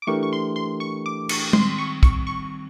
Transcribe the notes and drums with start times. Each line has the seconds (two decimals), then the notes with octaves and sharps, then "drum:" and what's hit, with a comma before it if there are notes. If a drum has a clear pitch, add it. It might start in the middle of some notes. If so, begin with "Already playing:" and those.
0.02 D6
0.07 E3 A3 D4 G4 A#4 C#6
0.23 C#6
0.33 C6
0.56 C6
0.80 C#6
1.06 D6
1.29 C#6, drum: cymbal
1.53 D#3 G3 C4 C6, drum: tom G#3
1.79 C#6
2.03 C#6, drum: kick
2.27 C#6